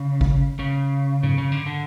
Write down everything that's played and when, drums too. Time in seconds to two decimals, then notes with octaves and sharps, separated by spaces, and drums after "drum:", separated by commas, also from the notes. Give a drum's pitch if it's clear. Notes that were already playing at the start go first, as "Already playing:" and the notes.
Already playing: C#3
0.21 drum: kick G#1
0.59 C#3
1.23 C#3, drum: tom G#2
1.38 C#3
1.52 D3
1.66 D3